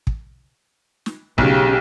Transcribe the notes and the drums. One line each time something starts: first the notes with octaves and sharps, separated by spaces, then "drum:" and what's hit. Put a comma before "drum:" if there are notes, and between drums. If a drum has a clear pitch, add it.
drum: kick
drum: snare
B1 C#3 G4, drum: kick